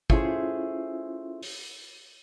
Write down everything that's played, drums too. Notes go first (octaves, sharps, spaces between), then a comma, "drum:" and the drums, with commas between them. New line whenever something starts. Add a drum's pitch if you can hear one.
A3 C#4 E4 F4 G#4 C5, drum: kick
drum: open hi-hat